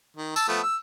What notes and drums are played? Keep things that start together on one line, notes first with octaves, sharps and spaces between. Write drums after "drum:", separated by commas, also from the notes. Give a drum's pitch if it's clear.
D#3
A5 E6, drum: tambourine
F3 A3 B3
E6